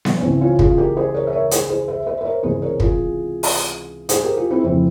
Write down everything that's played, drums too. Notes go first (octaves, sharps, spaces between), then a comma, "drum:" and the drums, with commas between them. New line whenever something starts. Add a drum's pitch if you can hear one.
drum: snare B3
C#4
C#2 C#3 E3 C4 E4
C#4 F4
F4 G#4, drum: kick
G4 A#4
G#4 C5
A#4 C#5
E5
A#4 C#5
G#4 C5, drum: hi-hat
G#4 C5
C5 E5
C5 E5
C5
A#4 C#5
C#2 C3 E3 G#4 C5
A#4 C#5
F4 G#4, drum: kick
drum: open hi-hat
G#4 C5, drum: hi-hat
G4 A#4
F4 G#4
C4 E4
F1 F2 C#3 E3 C4 E4